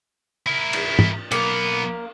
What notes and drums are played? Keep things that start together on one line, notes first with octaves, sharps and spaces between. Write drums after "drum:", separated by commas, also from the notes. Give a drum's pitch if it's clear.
E4 A#4
drum: cymbal
drum: tom
B1 A#3 B3